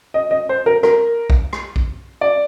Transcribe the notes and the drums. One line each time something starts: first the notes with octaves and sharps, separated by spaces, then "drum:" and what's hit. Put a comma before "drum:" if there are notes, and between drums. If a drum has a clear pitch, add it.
D#5
D#5
C5
A#4
A#4, drum: rim click
drum: kick A#1
drum: rim click
drum: kick A#1
D5